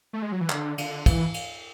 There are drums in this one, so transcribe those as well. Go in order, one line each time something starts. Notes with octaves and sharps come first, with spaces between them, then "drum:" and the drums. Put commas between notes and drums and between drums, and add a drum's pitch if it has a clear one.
A3
G#3
F#3
E3
D3, drum: clap
D3, drum: cymbal
E3, drum: kick, cymbal
drum: cymbal